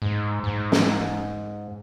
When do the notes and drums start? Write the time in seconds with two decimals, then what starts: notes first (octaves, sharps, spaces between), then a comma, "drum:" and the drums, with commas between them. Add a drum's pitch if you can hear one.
0.02 G#2
0.44 G#2
0.72 drum: snare